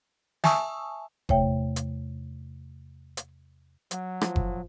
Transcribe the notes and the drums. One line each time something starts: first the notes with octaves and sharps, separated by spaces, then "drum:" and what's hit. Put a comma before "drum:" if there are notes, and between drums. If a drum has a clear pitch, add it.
E5 G#5 A5 C#6 D#6 E6, drum: snare
E2 C3 A3 C#5 E5 G5, drum: kick F#1
drum: hi-hat
drum: hi-hat
F#3, drum: hi-hat
F3, drum: rim click
drum: kick F#1